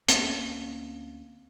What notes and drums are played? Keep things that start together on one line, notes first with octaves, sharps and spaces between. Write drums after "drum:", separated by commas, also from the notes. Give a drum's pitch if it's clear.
D2 A#3 C4 C#4, drum: hi-hat